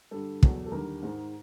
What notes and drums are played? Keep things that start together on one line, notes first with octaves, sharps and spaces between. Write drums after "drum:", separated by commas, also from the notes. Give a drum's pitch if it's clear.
G2 D3 G3 A4
E2 B2 F#3, drum: kick
A4
D#2 D3 G3 A#4
G#2 D#3 G#3